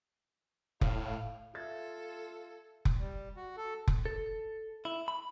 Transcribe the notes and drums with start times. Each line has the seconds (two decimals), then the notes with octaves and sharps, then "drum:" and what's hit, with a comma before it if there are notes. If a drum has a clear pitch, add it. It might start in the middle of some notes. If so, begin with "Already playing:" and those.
0.81 A2 F5, drum: kick F1
1.55 F4 A4 E5 G#6 A6
2.85 drum: kick F1
2.99 G3
3.36 F#4
3.57 A4
3.88 drum: kick F1
4.06 A4
4.85 E4
5.08 B5